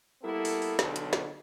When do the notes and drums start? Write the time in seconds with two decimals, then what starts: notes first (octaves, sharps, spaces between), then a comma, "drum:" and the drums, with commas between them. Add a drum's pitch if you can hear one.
0.22 G3 A#3 B3 E4 A4
0.45 drum: open hi-hat
0.62 drum: open hi-hat
0.79 B1 D3, drum: snare
0.96 drum: hi-hat
1.13 drum: snare